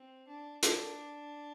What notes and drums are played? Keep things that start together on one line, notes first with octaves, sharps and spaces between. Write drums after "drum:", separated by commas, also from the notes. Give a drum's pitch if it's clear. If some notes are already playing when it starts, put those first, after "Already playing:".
Already playing: C4
D4
D4, drum: hi-hat